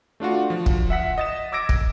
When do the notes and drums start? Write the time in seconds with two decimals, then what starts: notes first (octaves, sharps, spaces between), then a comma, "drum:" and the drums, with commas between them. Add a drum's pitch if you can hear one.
0.20 A3 D4 F4 F#4
0.50 F3
0.66 drum: kick
0.90 E5 F#5 B6
1.18 D#5 A6 E7
1.52 D6 E6 G#6 A#6 D7
1.69 drum: kick